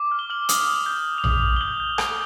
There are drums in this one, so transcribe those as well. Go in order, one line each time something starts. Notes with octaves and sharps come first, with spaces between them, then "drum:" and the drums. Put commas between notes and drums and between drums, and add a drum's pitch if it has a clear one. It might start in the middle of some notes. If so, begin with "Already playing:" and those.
Already playing: D6
F6
G7
F6 F#7
D#6 F#7, drum: hi-hat
D#6
G6
G6
F7
D#6 F#7, drum: tom A#1
D#6
G7
G6 F#7
G6
D#6, drum: rim click